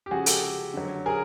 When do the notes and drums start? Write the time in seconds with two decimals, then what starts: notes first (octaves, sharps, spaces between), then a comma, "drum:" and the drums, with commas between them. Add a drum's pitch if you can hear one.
0.06 G4
0.11 C#3 F3 G#3 F#4 G#4
0.26 G4 A4, drum: hi-hat
0.74 D3 F#3
1.06 G#4 A#4